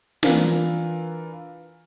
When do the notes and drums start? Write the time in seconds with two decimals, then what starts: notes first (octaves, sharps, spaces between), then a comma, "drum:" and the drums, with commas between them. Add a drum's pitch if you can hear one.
0.23 E3 D4 F4 A#4 B4, drum: snare